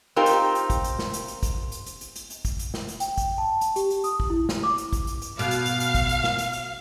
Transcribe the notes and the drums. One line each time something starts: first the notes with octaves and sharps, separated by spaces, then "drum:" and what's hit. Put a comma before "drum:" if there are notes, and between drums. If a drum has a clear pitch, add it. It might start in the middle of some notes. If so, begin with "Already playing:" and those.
C4 D#4 F4 G4 A#4
drum: hi-hat
drum: hi-hat
drum: kick, hi-hat
drum: hi-hat
drum: snare
drum: hi-hat
drum: hi-hat
drum: kick, hi-hat
drum: hi-hat
drum: hi-hat
drum: hi-hat
drum: hi-hat
drum: hi-hat
drum: kick, hi-hat
drum: hi-hat
drum: snare
drum: hi-hat
G5, drum: hi-hat
drum: kick, hi-hat
A5
drum: hi-hat
G4, drum: hi-hat
drum: hi-hat
D#6, drum: hi-hat
drum: kick
E4
drum: snare
D6
drum: hi-hat
drum: kick, hi-hat
drum: hi-hat
drum: hi-hat
B2 F5, drum: hi-hat
drum: hi-hat
drum: hi-hat
drum: hi-hat
drum: kick, hi-hat
drum: hi-hat
drum: snare
drum: hi-hat
drum: hi-hat